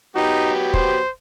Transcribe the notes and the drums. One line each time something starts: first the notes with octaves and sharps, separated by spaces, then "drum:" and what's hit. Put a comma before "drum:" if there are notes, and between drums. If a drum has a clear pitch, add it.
F#3 B3 D#4 G4
C5, drum: kick